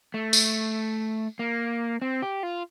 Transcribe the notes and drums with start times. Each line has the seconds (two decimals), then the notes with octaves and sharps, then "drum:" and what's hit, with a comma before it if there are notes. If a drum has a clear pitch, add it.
0.14 A3
0.33 drum: tambourine
1.39 A#3
2.02 C4
2.22 G4
2.43 F4